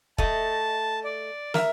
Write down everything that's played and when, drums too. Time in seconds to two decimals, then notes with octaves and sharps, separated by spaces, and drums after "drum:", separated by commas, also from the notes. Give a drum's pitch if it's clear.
0.18 A3 D#5 A5, drum: kick
1.04 D5
1.54 A#4 E5, drum: snare